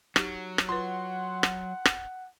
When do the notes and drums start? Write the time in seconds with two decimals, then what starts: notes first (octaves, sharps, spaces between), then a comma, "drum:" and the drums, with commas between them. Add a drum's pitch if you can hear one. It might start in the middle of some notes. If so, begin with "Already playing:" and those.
0.16 F#3 D#4 G4, drum: rim click
0.58 drum: rim click
0.69 F4 B4 F#5 C6
1.43 drum: rim click
1.85 drum: rim click